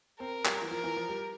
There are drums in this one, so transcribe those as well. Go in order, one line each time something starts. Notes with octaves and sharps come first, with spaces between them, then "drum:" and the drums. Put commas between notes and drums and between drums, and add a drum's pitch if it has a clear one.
C4 A#4
G3, drum: clap
E3
F3 A#4
E3
F3
G3